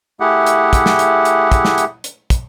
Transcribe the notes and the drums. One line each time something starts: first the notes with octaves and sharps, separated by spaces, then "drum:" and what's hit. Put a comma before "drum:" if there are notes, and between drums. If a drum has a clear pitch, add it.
A3 E4 G4 G#4 F#5
drum: hi-hat
drum: kick, hi-hat
drum: snare
drum: hi-hat
drum: hi-hat
drum: kick, hi-hat
drum: snare
drum: hi-hat
drum: hi-hat
drum: kick, hi-hat